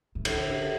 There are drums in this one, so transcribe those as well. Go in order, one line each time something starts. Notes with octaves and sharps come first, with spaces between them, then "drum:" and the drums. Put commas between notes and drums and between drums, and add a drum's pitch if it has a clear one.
E3
D3 A4, drum: cymbal
A#4
G4